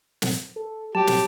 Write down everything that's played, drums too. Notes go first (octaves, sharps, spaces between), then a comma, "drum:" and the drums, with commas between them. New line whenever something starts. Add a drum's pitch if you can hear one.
drum: snare
A4
F#3 G4 A5
drum: snare